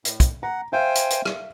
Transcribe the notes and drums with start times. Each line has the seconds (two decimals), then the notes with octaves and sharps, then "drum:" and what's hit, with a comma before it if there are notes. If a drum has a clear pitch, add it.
0.05 A2, drum: hi-hat
0.20 drum: kick, hi-hat
0.43 F#5 A#5
0.73 C5 E5 F5 G5 G#5
0.95 drum: hi-hat
1.10 drum: hi-hat
1.25 drum: rim click